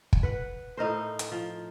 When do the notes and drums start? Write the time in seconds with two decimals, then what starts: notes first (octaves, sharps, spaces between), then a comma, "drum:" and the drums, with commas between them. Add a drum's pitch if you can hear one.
0.13 drum: kick
0.23 B4 F#5
0.77 A2 D#4 A#4 C5
1.19 drum: hi-hat
1.32 F3